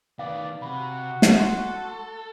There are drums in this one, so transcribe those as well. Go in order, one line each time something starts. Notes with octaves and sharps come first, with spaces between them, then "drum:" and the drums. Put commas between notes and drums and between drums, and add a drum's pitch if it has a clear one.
D#3 B3 D5 F5
C3 F#4 B5
drum: snare
A4 C6